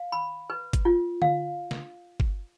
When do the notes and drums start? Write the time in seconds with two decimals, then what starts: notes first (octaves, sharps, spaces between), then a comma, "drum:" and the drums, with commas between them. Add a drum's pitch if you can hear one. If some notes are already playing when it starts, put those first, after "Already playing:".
Already playing: F5
0.12 B5
0.50 B4
0.73 drum: kick G1, hi-hat
0.85 F4
1.22 F5, drum: tom D3
1.71 drum: snare
2.20 drum: kick G1